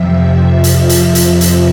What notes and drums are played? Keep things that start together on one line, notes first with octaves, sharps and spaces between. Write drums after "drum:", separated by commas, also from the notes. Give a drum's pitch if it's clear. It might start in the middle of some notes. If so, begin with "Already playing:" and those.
Already playing: F2 C3 F3 E5
drum: hi-hat
drum: hi-hat
E5, drum: hi-hat
drum: hi-hat